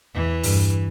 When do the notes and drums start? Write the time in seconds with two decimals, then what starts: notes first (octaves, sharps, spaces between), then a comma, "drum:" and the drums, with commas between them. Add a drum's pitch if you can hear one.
0.15 E2 E3
0.43 G2, drum: open hi-hat